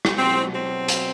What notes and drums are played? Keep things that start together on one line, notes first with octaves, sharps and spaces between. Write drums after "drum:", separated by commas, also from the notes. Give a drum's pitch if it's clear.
drum: rim click
B2 F#3 C4
C4
drum: hi-hat